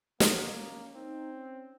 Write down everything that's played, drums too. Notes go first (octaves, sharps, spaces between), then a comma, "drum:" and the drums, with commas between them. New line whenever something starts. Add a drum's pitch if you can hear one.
A#3 C#4, drum: snare
C#4
C4 D#4
C#4